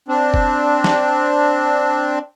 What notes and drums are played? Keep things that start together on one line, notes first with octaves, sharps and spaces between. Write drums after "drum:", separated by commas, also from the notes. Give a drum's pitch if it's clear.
C4 D4
drum: kick F#1
drum: snare